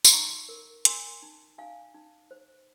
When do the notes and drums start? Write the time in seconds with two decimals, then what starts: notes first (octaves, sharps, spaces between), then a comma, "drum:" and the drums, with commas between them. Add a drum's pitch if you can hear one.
0.04 C6, drum: tambourine
0.13 D#4 A#5 C#6
0.49 A#4
0.85 A#4 G#5 C6, drum: hi-hat
1.22 D#4
1.58 D#4 F5 G#5
1.94 D#4
2.31 C5